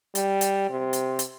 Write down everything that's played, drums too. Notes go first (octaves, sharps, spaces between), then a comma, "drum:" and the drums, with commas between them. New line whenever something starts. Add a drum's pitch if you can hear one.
G3, drum: hi-hat
drum: hi-hat
C3
drum: hi-hat
drum: hi-hat